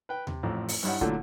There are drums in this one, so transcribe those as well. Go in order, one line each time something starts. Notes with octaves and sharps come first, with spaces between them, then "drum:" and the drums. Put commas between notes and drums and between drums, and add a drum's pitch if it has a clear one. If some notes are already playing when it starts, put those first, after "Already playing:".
B4 G5
C3, drum: tom D#2
A1 F2 A2
drum: open hi-hat
G2 G3 D#4 E4 C#5 F#5
A#2 D3 E3 F#3 A3, drum: kick